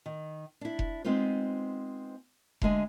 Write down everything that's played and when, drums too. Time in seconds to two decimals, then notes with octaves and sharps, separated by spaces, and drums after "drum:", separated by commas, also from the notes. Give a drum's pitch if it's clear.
0.06 D#3
0.61 D4 E4
0.79 drum: kick F1
1.04 G#3 B3 C4 D#4 F4 C5
2.62 D2 D3 G#3 G#5, drum: kick F1